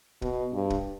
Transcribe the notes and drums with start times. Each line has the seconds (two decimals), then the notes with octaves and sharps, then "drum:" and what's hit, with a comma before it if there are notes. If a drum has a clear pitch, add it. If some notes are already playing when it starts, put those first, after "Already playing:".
0.22 B2, drum: kick
0.54 G2
0.70 drum: kick